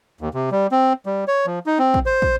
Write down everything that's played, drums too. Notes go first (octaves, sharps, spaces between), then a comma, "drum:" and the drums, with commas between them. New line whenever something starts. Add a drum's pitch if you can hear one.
D#2
C3
G3
C4
G3
C#5
F3
D#4
C4
drum: kick
C5
drum: kick